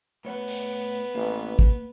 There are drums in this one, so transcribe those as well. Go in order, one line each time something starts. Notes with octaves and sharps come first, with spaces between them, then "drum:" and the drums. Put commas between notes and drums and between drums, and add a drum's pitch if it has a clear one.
A2 B3 C#5 F#5
drum: open hi-hat
A1 A#3
drum: kick